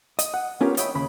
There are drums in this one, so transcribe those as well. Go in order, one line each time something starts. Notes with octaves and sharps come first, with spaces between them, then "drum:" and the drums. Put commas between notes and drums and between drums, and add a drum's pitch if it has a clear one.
D#5, drum: hi-hat
F#5
B3 C#4 F4 G4 A#4
C#5 D#5 E5 G5 G#5 B5, drum: hi-hat
D#2 C#3 B5